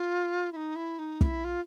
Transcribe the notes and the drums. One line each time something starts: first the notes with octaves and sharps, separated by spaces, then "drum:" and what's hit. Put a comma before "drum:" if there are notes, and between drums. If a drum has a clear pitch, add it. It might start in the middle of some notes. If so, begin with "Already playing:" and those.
Already playing: F4
E4
D#4
E4
D#4
E4, drum: kick
F4